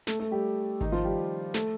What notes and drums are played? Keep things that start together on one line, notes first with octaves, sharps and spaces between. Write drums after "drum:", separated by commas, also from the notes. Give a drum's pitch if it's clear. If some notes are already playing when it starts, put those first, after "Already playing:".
A3 A4, drum: snare
A3 A4
G3 G4
D#3 D#4, drum: kick G#1, hi-hat
F3 F4
G3 G4
A3 A4, drum: snare